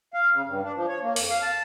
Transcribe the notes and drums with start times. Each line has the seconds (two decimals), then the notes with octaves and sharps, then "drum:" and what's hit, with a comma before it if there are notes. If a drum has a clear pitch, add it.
0.14 F5
0.32 C#3
0.46 G2
0.63 D4
0.74 F3
0.88 C#5
1.02 A#3
1.16 F2, drum: open hi-hat
1.30 F5
1.42 A5